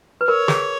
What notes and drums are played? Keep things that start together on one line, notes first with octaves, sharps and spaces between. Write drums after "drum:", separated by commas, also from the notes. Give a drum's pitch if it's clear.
B4
A#4 C#5
G#4, drum: snare